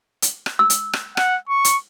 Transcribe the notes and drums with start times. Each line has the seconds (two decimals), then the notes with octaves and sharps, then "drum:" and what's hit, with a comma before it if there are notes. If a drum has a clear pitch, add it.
0.22 drum: hi-hat
0.46 drum: rim click
0.59 E6
0.70 drum: hi-hat
0.93 drum: rim click
1.17 F#5, drum: rim click
1.49 C#6
1.65 drum: hi-hat